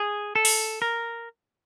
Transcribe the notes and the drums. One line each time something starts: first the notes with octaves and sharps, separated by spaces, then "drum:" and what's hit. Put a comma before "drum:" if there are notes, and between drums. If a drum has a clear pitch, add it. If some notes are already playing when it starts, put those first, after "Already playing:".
Already playing: G#4
A4
drum: open hi-hat
A#4